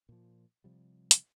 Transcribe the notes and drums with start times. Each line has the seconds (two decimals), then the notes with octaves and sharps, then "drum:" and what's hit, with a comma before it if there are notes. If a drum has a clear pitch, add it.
0.09 A#2 F3
0.64 C3 F3 G3
1.11 drum: hi-hat